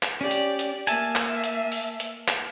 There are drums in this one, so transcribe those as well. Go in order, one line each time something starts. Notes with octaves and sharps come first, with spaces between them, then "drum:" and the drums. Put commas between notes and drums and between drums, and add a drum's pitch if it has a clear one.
drum: clap
C#4 G4 D5
drum: hi-hat
drum: hi-hat
A#3 E5 G#5 A5, drum: hi-hat
drum: clap
drum: hi-hat
drum: open hi-hat
drum: hi-hat
drum: clap